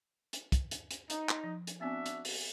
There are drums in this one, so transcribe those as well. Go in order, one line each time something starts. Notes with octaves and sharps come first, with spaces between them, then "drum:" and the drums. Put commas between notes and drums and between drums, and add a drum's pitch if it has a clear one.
drum: hi-hat
drum: kick, hi-hat
drum: hi-hat
drum: hi-hat
D#4, drum: hi-hat
drum: clap
F3
drum: hi-hat
B3 C4 D4 F#4 E5 G#5
drum: hi-hat
drum: open hi-hat